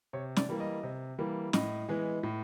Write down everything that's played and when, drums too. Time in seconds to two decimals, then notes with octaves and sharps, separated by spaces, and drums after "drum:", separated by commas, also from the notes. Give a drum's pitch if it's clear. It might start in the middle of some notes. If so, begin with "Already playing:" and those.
0.13 C3 C#5
0.36 D5, drum: snare
0.49 E3 G3 A#3
0.60 D#5
0.83 C3
1.18 E3 G3 A#3
1.53 A2 D#5, drum: snare
1.89 E3 G#3 B3
2.23 A2